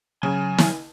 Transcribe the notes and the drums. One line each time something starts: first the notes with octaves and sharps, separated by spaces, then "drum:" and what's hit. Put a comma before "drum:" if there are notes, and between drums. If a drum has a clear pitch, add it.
C#3 F#3 G#5
drum: snare